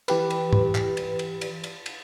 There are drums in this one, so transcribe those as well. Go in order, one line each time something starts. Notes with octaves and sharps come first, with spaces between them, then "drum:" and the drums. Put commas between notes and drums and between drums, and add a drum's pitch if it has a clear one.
E3 G4 B4, drum: cymbal
drum: cymbal
drum: tom G#2
drum: clap
drum: cymbal
drum: cymbal
drum: cymbal
drum: cymbal
drum: cymbal